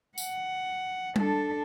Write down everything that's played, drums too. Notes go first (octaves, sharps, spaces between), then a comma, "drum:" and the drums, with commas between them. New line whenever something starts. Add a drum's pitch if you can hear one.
F#5, drum: tambourine
D4 A4, drum: tom G3